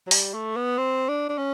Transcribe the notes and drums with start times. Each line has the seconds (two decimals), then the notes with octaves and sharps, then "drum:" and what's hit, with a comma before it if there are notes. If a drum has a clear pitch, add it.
0.07 F#3
0.11 G3, drum: open hi-hat
0.34 A3
0.56 B3
0.78 C4
1.09 D4
1.29 D4
1.38 C#4